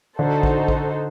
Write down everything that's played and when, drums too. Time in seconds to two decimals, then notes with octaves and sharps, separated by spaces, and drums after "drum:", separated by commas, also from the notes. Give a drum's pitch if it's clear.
0.18 D3 D#4 F#4 A4 C5
0.43 drum: kick A1
0.68 drum: kick A1